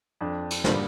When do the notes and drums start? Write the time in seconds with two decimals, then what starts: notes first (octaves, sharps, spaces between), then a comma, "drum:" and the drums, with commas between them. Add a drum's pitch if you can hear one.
0.21 F2 D4
0.51 drum: cymbal
0.64 D3 G3 A#3, drum: snare